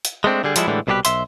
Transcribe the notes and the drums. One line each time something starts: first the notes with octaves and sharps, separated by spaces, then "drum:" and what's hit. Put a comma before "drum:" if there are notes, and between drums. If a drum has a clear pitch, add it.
drum: hi-hat
G#3 A3 C4 D4
D3 G3 G#4
F3 G3 G#3 E4, drum: hi-hat
A2 D3 E3 G3 G#3
C2 B2 G3 D4 G4 B4
B1 E5 C6, drum: hi-hat